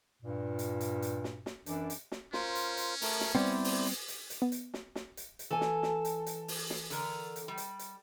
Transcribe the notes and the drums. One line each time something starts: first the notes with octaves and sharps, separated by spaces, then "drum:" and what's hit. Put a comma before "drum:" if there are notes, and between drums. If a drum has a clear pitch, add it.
G2 A#2
drum: hi-hat
drum: hi-hat
drum: hi-hat
drum: snare
drum: snare
F#2 E3 D4, drum: hi-hat
drum: hi-hat
drum: snare
C#4 F4 A#4 C5, drum: snare
drum: hi-hat
drum: hi-hat
A3 A#4, drum: open hi-hat
drum: snare
G3 B3 C4 E4 C5 D5
drum: open hi-hat
drum: hi-hat
drum: hi-hat
drum: hi-hat
B3
drum: hi-hat
drum: snare
drum: snare
drum: hi-hat
drum: hi-hat
E3 A4 G#5
drum: snare
drum: snare
drum: hi-hat
drum: hi-hat
drum: open hi-hat
drum: snare
D3 A#4, drum: hi-hat
drum: hi-hat
G3
drum: hi-hat
drum: hi-hat